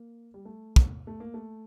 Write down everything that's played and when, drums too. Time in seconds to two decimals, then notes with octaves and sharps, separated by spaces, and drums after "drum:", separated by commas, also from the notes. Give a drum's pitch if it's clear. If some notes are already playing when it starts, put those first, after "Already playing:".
Already playing: A#3
0.34 G3
0.45 A3
0.76 drum: kick
1.07 A3
1.20 A#3
1.34 A3